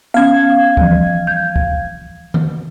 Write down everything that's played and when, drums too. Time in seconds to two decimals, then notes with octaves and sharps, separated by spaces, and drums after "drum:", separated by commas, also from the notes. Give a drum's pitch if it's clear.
0.14 B3 C#4 F5 G#6
0.77 E3 F3 G3, drum: kick
1.27 G6
1.56 drum: kick
2.34 drum: tom D#3